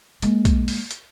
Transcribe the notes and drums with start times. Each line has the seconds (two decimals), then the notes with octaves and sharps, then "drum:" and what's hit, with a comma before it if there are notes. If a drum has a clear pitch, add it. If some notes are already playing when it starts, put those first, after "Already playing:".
0.22 G#3 A#3, drum: hi-hat
0.45 drum: kick, hi-hat
0.68 drum: open hi-hat
0.91 drum: hi-hat